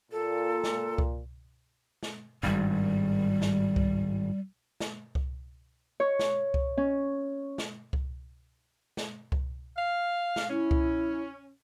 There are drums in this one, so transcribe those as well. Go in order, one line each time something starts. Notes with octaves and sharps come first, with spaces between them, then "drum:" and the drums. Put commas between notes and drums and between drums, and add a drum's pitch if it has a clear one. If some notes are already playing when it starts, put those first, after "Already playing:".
A#2 A4
drum: snare
drum: kick C2
drum: snare
G#1 G2 G3
drum: snare
drum: kick C2
drum: snare
drum: kick C2
C#5
drum: snare
drum: kick C2
C#4
drum: snare
drum: kick C2
drum: snare
drum: kick C2
F5
drum: snare
C#4 E4
drum: kick C2